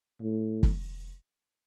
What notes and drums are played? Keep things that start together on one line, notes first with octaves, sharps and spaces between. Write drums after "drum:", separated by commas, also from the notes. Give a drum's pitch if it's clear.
A2
drum: kick